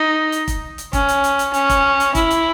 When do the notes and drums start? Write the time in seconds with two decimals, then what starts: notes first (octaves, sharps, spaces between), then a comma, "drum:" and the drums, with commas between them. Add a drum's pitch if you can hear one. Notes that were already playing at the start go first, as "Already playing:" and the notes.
Already playing: D#4
0.32 drum: hi-hat
0.48 drum: kick, hi-hat
0.78 drum: hi-hat
0.93 C#4, drum: kick, hi-hat
1.09 drum: hi-hat
1.24 drum: hi-hat
1.39 drum: hi-hat
1.54 C#4, drum: hi-hat
1.70 drum: kick, hi-hat
2.00 drum: hi-hat
2.15 E4, drum: kick, hi-hat
2.30 drum: hi-hat